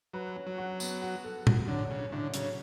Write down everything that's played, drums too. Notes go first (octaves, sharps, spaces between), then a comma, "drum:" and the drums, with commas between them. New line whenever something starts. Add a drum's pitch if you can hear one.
F#3 B4
C#4
F#3
F#4
B3, drum: tambourine
F#4
A4
F#4, drum: tom A#2
D3 F#3
C#3 C#4
A2 D3
C#3 F#3, drum: hi-hat